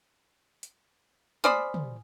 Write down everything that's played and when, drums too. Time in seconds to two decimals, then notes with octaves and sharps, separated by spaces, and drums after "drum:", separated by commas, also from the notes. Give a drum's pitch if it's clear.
0.63 drum: hi-hat
1.44 C5 D5 G#5 B5 D#6 F6, drum: snare
1.74 drum: tom